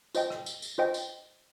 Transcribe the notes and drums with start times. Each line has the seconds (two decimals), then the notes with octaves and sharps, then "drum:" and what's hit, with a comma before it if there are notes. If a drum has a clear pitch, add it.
0.15 F4 C5 D#5 G5, drum: tambourine
0.30 drum: rim click
0.46 drum: tambourine
0.62 drum: tambourine
0.78 F4 C5 D#5 G5
0.94 drum: tambourine